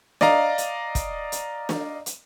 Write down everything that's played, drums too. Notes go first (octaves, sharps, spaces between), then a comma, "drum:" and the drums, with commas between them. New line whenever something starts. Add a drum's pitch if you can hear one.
D5 D#5 F5 A#5, drum: snare
drum: hi-hat
drum: kick, hi-hat
drum: hi-hat
drum: snare
drum: hi-hat